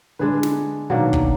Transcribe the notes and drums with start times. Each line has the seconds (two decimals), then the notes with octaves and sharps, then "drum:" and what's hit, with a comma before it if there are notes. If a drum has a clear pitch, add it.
0.19 D3 G#3 D4 G#4 B4
0.43 drum: snare
0.90 B2 D#3 F#3 A#3 D4
1.13 drum: kick